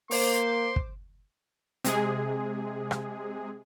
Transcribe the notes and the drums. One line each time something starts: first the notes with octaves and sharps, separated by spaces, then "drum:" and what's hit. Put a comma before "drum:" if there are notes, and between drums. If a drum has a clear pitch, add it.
A#3 C5 C6 D6, drum: open hi-hat
drum: kick
C3 G#3 G#4, drum: hi-hat
drum: rim click